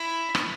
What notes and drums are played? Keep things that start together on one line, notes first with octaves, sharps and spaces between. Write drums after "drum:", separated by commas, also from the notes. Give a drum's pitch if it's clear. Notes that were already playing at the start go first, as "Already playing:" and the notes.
Already playing: E4
drum: rim click